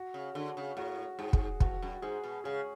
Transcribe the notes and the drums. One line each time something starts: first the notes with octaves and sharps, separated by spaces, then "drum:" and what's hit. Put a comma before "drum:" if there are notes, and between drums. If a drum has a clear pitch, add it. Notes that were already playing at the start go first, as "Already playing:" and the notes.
Already playing: F#4
C#3
D3 F#4
C#3
A2 F#4
G#2 G#4
drum: kick
E2 F#4, drum: kick
F#2
G#2 G#4
B2
C#3 G#4